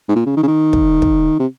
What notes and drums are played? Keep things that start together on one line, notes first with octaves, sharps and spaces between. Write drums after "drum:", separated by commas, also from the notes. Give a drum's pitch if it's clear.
G#2
A#2
C#3
D#3
C#3
D#3
drum: kick
drum: kick
C3